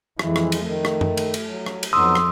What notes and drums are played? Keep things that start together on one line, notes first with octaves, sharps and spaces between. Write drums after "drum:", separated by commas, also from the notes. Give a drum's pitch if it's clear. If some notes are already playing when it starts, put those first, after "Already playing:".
F2 E3 G#3, drum: rim click
drum: rim click
drum: cymbal
D#3 A3
drum: rim click
drum: tom F#2
drum: cymbal
drum: cymbal
F#3
drum: rim click
drum: cymbal
F2 F#3 B3 D#4 C6 D#6 E6
drum: rim click